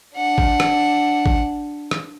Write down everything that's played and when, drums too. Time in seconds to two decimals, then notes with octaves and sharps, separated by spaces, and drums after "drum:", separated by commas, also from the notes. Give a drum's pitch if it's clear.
0.16 D4 F#5
0.38 drum: kick G#1
0.60 drum: rim click
1.26 drum: kick G#1
1.91 drum: rim click